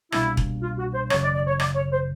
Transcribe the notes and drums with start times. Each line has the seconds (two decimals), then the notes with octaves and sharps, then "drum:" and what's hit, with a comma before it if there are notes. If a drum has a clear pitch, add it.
0.12 C2 B2 G3 A#3 D4 E4, drum: rim click
0.37 drum: kick E1
0.61 F4
0.78 F#4
0.94 C5
1.10 G#1 F#2 C#3 C#5, drum: rim click
1.23 D5
1.35 D5
1.47 C#5
1.60 D5, drum: rim click
1.75 C#5
1.92 C5